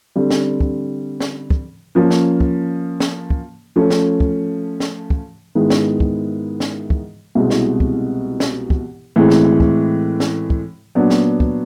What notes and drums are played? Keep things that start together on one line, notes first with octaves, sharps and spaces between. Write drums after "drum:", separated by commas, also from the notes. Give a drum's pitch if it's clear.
D3 G3 C4
drum: snare
drum: kick
drum: snare
drum: kick
F3 A#3 C#4
drum: snare
drum: kick
drum: snare
drum: kick
F3 A3 C#4
drum: snare
drum: kick
drum: snare
drum: kick
G#2 D#3 G#3 B3 E4
drum: snare
drum: kick
drum: snare
drum: kick
C2 B2 G#3 C4 E4
drum: snare
drum: kick
drum: snare
drum: kick
A2 E3 G#3 C4
drum: snare
drum: kick
drum: snare
drum: kick
A#2 F#3 B3 D4 F#4
drum: snare
drum: kick